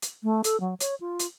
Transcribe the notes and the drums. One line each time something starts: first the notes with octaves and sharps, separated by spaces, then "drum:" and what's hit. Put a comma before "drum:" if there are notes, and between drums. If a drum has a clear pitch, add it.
drum: hi-hat
A3
A4, drum: hi-hat
F#3
C#5, drum: hi-hat
F4
drum: hi-hat